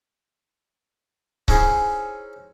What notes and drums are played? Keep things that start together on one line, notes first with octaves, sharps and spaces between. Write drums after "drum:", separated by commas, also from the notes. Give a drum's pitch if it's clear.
C#4 D#4 E4 G#4 C5, drum: kick C#1